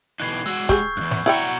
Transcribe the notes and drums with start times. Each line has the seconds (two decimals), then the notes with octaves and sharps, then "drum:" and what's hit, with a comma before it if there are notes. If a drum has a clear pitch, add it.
0.20 B2 E3 D#4 F#6 G#6 C7
0.46 G#3 F#4 E6
0.69 G4 G#4 C#6 G6, drum: kick, hi-hat
0.97 E2 G2 F#6
1.11 drum: snare
1.26 B2 E4 D5 F#5 G5 A#5 G#6 C#7